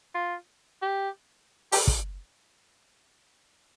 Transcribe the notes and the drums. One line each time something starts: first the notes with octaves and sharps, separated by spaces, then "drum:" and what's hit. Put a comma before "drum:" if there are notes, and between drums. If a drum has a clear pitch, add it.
F4
G4
G4, drum: open hi-hat
drum: kick